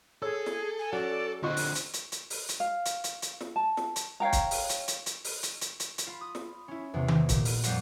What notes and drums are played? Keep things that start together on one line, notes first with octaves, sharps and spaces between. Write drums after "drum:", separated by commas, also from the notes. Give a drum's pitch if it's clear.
G#4 A4 C#5 E6
drum: snare
G#5
F#3 C#4 F#4 D5
D3 C4 F4 D#5 C#6 F#6
drum: open hi-hat
drum: hi-hat
drum: hi-hat
drum: hi-hat
drum: open hi-hat
drum: hi-hat
F5
drum: hi-hat
drum: hi-hat
drum: hi-hat
drum: snare
A5
drum: snare
drum: hi-hat
C#5 F5 G5 A#5
drum: kick, hi-hat
drum: open hi-hat
drum: hi-hat
drum: hi-hat
drum: hi-hat
drum: open hi-hat
drum: hi-hat
drum: hi-hat
drum: hi-hat
drum: hi-hat
F4 B5
D#6
drum: snare
C#4 E4
E2 C3
drum: tom D#3
A#2, drum: kick, hi-hat
drum: open hi-hat
F2 G3 F5 F#5, drum: hi-hat